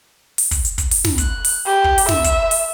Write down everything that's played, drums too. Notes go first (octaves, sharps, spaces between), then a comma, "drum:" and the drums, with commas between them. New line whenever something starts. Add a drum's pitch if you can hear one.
drum: open hi-hat
drum: kick, hi-hat
drum: hi-hat
drum: kick, hi-hat
drum: open hi-hat
drum: snare
F#6, drum: kick, hi-hat
drum: open hi-hat
G4
drum: kick
drum: open hi-hat
E5, drum: snare
drum: kick, hi-hat
drum: open hi-hat